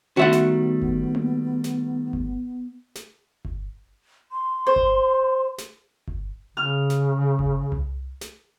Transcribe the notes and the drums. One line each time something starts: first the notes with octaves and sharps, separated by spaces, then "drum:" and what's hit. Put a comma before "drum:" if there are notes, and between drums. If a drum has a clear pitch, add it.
D#3 G3 A3 B3 F#4 E5 F#5
drum: snare
drum: kick G1
drum: tom A#3
drum: snare
drum: kick G1
drum: snare
drum: kick G1
C6
C5
drum: kick G1
drum: snare
drum: kick G1
C#3 F6
drum: snare
drum: kick G1
drum: tom C2
drum: snare